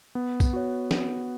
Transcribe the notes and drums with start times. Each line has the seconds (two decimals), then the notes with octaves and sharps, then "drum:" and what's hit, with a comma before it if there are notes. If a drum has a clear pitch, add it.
0.15 B3
0.40 drum: kick, tambourine
0.53 F#4 C#5
0.91 B3, drum: snare